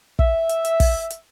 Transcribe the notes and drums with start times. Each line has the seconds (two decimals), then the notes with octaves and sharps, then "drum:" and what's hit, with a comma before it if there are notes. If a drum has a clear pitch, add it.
0.19 E5, drum: kick
0.49 drum: hi-hat
0.65 drum: hi-hat
0.80 drum: kick, open hi-hat
1.10 drum: hi-hat